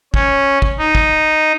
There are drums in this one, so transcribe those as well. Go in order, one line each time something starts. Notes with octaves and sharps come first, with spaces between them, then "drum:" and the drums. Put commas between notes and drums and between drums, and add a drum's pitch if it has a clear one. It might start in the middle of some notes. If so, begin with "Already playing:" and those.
C#4, drum: kick
drum: kick
D#4
drum: kick